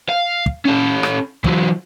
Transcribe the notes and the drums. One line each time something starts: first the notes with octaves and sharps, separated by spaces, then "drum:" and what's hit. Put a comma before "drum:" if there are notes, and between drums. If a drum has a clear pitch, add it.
F5
drum: kick
C#4 A4
drum: rim click
E3 F#3, drum: kick